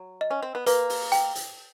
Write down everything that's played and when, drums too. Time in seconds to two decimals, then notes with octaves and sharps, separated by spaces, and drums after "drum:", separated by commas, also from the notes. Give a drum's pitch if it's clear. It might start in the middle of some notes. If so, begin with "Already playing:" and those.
Already playing: F#3
0.21 D#5
0.31 C#4
0.42 C4
0.55 B3
0.67 A#3 B4, drum: hi-hat
0.90 drum: open hi-hat
1.12 G5, drum: hi-hat
1.35 drum: hi-hat